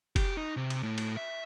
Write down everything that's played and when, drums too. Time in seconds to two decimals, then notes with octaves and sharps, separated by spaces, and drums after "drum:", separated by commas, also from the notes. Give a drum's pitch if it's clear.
0.16 G4, drum: kick, cymbal
0.37 D#4
0.57 C3
0.70 drum: cymbal
0.83 A2
0.98 drum: cymbal
1.17 E5